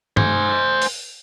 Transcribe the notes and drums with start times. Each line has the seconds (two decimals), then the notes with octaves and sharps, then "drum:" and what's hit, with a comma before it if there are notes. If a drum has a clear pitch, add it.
0.17 C5 G#5, drum: tom
0.82 drum: open hi-hat